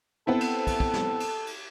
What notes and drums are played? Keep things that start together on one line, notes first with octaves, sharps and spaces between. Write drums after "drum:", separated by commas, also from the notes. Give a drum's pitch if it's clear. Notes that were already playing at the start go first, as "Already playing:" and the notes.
B3 C4 E4 A4
drum: cymbal
drum: kick, cymbal
drum: kick
drum: snare
drum: cymbal
drum: cymbal